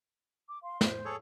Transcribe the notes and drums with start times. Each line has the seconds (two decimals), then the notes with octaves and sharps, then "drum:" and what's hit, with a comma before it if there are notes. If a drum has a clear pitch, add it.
0.46 D6
0.63 F5 C6
0.81 C5, drum: snare
1.05 G#4 A4 C#5